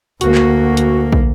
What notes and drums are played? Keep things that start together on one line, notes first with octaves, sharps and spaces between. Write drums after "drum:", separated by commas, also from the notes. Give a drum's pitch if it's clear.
D2 A#3 F#4, drum: hi-hat
drum: clap
drum: hi-hat
drum: kick